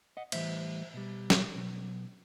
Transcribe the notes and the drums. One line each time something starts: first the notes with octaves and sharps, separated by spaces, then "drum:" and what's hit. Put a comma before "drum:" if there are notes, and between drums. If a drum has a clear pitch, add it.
D#5 F#5
A2 E3 G3 C5 E5, drum: cymbal
B2 G3
drum: snare
B2 F#3